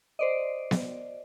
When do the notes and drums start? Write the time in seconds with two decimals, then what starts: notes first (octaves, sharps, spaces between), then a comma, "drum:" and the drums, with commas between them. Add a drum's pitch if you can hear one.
0.19 C5 D5 D#5
0.71 drum: snare B3